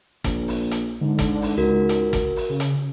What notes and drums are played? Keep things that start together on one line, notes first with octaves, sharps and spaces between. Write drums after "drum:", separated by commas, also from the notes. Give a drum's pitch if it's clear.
A#1, drum: kick, hi-hat
drum: open hi-hat
drum: hi-hat
G#2 D3
drum: kick, hi-hat
drum: open hi-hat
C#2 F#4 A#4
drum: hi-hat
drum: kick, hi-hat
drum: open hi-hat
C#3
drum: hi-hat